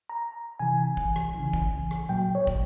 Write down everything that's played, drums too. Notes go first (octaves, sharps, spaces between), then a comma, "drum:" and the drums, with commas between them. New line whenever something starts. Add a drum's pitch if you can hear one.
A#5
C3 E3 G#5
drum: kick
drum: rim click
C#3 E3
drum: kick
drum: rim click
A#2 F#3 G5
C#5
drum: kick